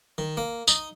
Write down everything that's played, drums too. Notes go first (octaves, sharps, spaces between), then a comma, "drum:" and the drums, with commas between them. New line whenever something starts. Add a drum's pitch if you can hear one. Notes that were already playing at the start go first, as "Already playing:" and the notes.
D#3
A#3
D#4, drum: tambourine